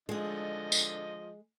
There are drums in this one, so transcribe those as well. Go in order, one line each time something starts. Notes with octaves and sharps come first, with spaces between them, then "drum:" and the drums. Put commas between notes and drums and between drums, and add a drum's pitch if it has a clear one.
D3 F3 G#3 G#4 D#5
drum: tambourine